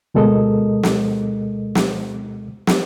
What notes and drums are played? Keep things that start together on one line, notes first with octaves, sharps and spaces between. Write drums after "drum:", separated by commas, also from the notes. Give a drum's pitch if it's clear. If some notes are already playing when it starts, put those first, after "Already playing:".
D2 B2 G#3 A4 A#4 D#5
drum: snare
drum: snare
drum: snare